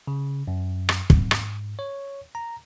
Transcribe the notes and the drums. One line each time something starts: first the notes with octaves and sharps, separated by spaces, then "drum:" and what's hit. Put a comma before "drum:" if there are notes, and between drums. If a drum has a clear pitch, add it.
C#3
F#2
drum: rim click
G#2, drum: kick
drum: rim click
C#5
A#5